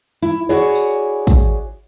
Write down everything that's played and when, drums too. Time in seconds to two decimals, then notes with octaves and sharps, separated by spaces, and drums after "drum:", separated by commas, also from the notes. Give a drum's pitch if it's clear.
0.22 E4
0.49 E4 F#4 G#4 C#5 D5
0.75 drum: tambourine
1.27 drum: kick, tambourine